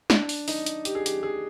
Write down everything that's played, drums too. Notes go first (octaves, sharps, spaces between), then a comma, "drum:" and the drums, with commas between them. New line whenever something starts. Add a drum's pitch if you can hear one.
D4, drum: snare
drum: open hi-hat
D#4, drum: open hi-hat
drum: hi-hat
G4, drum: hi-hat
G#4
G4, drum: hi-hat
G#4